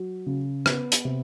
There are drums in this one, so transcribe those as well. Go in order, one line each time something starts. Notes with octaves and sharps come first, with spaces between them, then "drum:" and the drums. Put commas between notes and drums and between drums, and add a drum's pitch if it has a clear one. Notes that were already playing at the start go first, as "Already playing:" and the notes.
Already playing: F#3
C#3
B3, drum: rim click
drum: hi-hat
C3